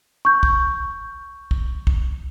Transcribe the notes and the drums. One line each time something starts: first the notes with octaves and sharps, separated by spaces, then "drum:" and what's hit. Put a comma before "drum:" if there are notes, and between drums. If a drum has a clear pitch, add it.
C#6 G6
drum: kick
drum: kick
drum: kick